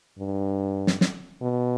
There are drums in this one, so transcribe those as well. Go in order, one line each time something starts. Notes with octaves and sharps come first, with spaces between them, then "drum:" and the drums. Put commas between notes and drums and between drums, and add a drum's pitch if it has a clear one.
G2
drum: snare
drum: snare
B2